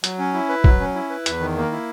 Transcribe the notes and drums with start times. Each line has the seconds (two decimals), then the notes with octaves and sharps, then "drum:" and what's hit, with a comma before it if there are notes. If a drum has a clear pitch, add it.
0.04 F#3, drum: hi-hat
0.19 C#4
0.34 E4
0.49 B4
0.64 F#3, drum: kick
0.80 C#4
0.95 E4
1.10 B4
1.26 E2, drum: hi-hat
1.40 D#3
1.57 A#3
1.72 E4